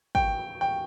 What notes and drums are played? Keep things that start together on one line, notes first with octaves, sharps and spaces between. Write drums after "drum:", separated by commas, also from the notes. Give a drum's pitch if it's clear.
G5, drum: kick
G5